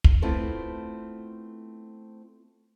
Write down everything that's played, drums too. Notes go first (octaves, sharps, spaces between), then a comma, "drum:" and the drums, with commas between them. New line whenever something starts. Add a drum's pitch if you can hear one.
drum: kick
A3 B3 C4 E4 F4